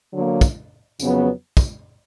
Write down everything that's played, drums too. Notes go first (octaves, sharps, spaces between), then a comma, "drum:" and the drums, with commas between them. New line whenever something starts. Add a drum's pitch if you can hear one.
D3 F#3 A#3
drum: kick, tambourine
F2 C#3 F#3 B3, drum: tambourine
drum: kick, tambourine